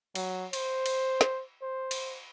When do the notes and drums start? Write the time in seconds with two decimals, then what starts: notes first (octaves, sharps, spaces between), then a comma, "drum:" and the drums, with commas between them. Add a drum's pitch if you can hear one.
0.15 F#3, drum: cymbal
0.53 C5, drum: cymbal
0.86 drum: cymbal
1.21 drum: snare
1.62 C5
1.91 drum: cymbal